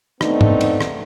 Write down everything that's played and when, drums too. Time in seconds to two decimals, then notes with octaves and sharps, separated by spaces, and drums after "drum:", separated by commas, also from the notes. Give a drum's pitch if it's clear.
0.21 A3 B3 C4 D4 D#4, drum: rim click
0.41 drum: tom G#2
0.61 drum: cymbal
0.81 drum: rim click